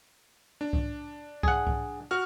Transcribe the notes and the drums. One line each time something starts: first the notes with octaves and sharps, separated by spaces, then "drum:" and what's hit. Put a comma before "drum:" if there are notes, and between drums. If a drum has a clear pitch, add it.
D4
drum: kick C2
G#4 F#5, drum: kick C2
drum: kick C2
F#4 F6